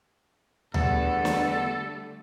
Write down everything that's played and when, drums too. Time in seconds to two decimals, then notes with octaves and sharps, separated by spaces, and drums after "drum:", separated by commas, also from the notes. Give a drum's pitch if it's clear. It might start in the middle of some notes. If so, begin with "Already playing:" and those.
0.74 E2 D3 G3 A3 B3 A4, drum: tom D2
1.25 drum: snare